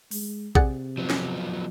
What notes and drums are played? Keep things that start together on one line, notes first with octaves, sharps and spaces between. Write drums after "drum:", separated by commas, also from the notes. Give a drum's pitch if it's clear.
G#3, drum: open hi-hat
C3 G#4 D5 F#5, drum: kick A#1
F3 F#3 B3
drum: snare